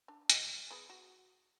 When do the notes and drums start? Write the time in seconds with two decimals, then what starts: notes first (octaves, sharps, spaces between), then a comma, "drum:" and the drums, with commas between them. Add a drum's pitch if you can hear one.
0.08 D4
0.30 D#5 G#5, drum: hi-hat
0.71 B3 G#4 B4
0.90 F#4